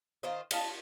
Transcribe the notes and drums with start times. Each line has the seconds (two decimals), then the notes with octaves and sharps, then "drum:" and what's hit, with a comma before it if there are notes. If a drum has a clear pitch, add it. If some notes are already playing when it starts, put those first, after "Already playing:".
0.23 D#3 F4 C5 D#5
0.51 D#5 F5 A5, drum: cymbal